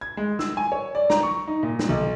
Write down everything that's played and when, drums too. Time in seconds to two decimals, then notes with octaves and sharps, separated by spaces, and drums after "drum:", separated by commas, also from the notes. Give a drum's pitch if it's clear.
0.01 G#6
0.17 G#3
0.39 E6, drum: snare
0.57 G#5
0.72 C#5
0.95 D5
1.10 A#5, drum: snare
1.23 C#6
1.47 D#4
1.63 A#2
1.79 drum: snare
1.89 B1